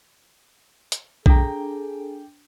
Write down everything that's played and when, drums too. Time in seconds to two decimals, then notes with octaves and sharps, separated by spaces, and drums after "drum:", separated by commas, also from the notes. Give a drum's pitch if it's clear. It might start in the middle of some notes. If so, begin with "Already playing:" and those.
0.92 drum: hi-hat
1.26 D4 G#4 A4 G5 A#5 D6 A#6, drum: kick B1